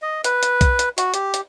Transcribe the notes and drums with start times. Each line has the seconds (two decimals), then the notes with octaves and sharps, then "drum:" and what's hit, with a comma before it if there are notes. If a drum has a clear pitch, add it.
0.02 D#5
0.24 B4, drum: hi-hat
0.43 drum: hi-hat
0.61 drum: kick B1, hi-hat
0.79 drum: hi-hat
0.98 F#4, drum: hi-hat
1.14 G4, drum: hi-hat
1.34 drum: hi-hat